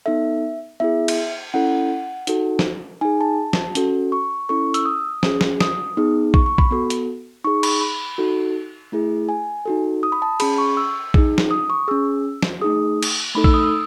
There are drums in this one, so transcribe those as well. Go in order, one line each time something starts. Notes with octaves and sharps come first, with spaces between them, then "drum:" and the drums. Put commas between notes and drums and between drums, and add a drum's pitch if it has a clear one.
B3 D#4 A4 E5
B3 E4 G#4 E5
drum: cymbal
C#4 E4 A4 F#5
D#4 F#4 A4, drum: hi-hat
drum: snare
D#4 G#4 G#5
A5
drum: snare
C#4 F#4 A4, drum: hi-hat
C#6
C#4 E4 A4 C#6
E6, drum: hi-hat
D#6
C#4 G#4, drum: snare
drum: snare
D#6, drum: snare
B3 D#4 G#4
C#6, drum: kick A#1
C#6
B5, drum: kick A#1
B3 F#4 A4
drum: hi-hat
D#4 G#4 C#6
B5, drum: cymbal
B5
D#4 F#4 A4
A3 E4 G#4
G#5
D#4 F#4 A4
D#6
B5
A5
C#4 G#4 B5, drum: cymbal
C#6
E6
D#4 G#4, drum: kick A#1
drum: snare
D#6
C#6
C#4 G#4 E6
drum: snare
A3 D#4 G#4 D#6
drum: cymbal
A3 D#4 A4 B5
E6, drum: kick A#1
D#6
E6